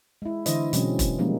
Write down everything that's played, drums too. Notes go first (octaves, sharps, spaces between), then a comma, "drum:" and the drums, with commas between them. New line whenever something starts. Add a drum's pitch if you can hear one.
G#3 E4
D3 E3 E4 C5 D#5, drum: hi-hat
B2 E3 F#3 G#3 C4 C#4, drum: hi-hat
drum: kick E1, hi-hat
F3 G3 G#3 A#3 C#4 D#4